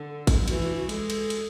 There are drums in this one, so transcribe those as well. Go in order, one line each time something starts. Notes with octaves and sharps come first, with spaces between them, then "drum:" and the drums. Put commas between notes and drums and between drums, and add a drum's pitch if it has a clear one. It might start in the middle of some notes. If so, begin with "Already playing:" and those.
Already playing: D3 A4
drum: kick, cymbal
E3 F#4, drum: cymbal
F#4
F#4
G#3 A4, drum: cymbal
drum: cymbal
drum: cymbal